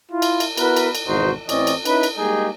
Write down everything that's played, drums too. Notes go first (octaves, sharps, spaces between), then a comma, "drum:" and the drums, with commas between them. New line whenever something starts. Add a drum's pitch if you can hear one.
E4 F4
drum: cymbal
drum: cymbal
B3 E4 F#4 A#4 B4, drum: cymbal
drum: cymbal
drum: cymbal
G#1 E2 B2 D#4 F#4 C5
A1 E3 C4 C#4 D5 D#5, drum: cymbal
drum: cymbal
C#4 D#4 E4 B4, drum: cymbal
drum: cymbal
G3 G#3 A#3 D#4 G4 G#4